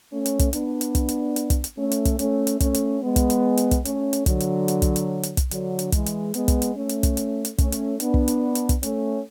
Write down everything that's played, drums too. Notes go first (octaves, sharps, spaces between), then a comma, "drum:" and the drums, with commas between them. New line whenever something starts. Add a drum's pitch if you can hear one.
A3 C#4
drum: hi-hat
drum: kick, hi-hat
B3 D4, drum: hi-hat
drum: hi-hat
drum: kick, hi-hat
drum: hi-hat
drum: hi-hat
drum: kick, hi-hat
drum: hi-hat
A3 C#4
drum: hi-hat
drum: kick, hi-hat
A3 C#4, drum: hi-hat
drum: hi-hat
A3 C#4, drum: kick, hi-hat
drum: hi-hat
G#3 B3
drum: kick, hi-hat
drum: hi-hat
drum: hi-hat
drum: kick, hi-hat
A3 C#4, drum: hi-hat
drum: hi-hat
D3 F#3, drum: kick, hi-hat
drum: hi-hat
drum: hi-hat
drum: kick, hi-hat
drum: hi-hat
drum: hi-hat
drum: kick, hi-hat
D3 F#3, drum: hi-hat
drum: hi-hat
E3 G#3, drum: kick, hi-hat
drum: hi-hat
G#3 B3, drum: hi-hat
drum: kick, hi-hat
drum: hi-hat
A3 C#4
drum: hi-hat
drum: kick, hi-hat
drum: hi-hat
drum: hi-hat
A3 C#4, drum: kick, hi-hat
drum: hi-hat
B3 D4, drum: hi-hat
drum: kick
drum: hi-hat
drum: hi-hat
drum: kick, hi-hat
A3 C#4, drum: hi-hat